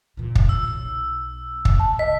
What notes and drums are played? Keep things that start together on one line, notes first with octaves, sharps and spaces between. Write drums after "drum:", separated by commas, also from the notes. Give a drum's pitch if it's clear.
A#2 E3
drum: kick
E6
B1
drum: kick
A5
C#2 D#5 B6